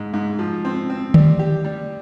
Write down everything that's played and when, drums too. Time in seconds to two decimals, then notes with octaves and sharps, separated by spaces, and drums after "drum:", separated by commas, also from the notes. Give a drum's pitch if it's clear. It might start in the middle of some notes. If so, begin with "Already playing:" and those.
Already playing: G#2
0.14 G#2
0.39 F3
0.65 C4
0.90 C4
1.14 G3, drum: tom D3
1.39 G4
1.64 G3